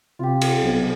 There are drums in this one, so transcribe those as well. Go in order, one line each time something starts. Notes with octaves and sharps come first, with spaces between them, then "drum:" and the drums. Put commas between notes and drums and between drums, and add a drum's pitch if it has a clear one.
C3 F4 G4
drum: cymbal
B1